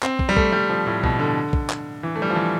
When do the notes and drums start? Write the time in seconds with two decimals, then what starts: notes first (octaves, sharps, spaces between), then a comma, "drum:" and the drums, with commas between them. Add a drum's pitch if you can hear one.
0.03 C4, drum: clap
0.19 drum: kick
0.29 G3
0.37 A3, drum: kick
0.52 G3
0.69 F3
0.86 A2
1.03 B2, drum: kick
1.19 D3
1.53 drum: kick
1.70 drum: clap
2.03 E3
2.16 A3
2.22 G3
2.30 F3
2.36 E3